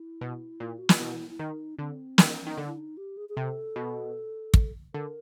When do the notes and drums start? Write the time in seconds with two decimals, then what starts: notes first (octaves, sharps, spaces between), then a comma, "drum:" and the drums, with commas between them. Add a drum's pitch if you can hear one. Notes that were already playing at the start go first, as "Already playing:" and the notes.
Already playing: E4
0.21 B2
0.60 A#2
0.78 F#4
0.89 F4, drum: snare
1.00 B2 E4
1.30 E4
1.39 D#3 D#4
1.79 D3 C4
2.18 D#3 C#4, drum: snare
2.47 D#3
2.57 D3
2.67 E4
2.77 D#4
2.97 G4
3.17 G#4
3.29 G#4
3.37 C3 A4
3.76 B2
4.54 drum: kick
4.94 D3 A#4